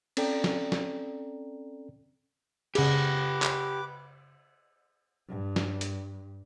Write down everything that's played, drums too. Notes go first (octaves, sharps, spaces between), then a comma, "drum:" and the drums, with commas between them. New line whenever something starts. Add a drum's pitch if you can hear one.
C4 C#4 A4 D5 G5 A#5, drum: cymbal
drum: snare
drum: snare
C#3 G4 G#4 B4 F#5 D6, drum: cymbal
drum: clap
G2
drum: snare
drum: hi-hat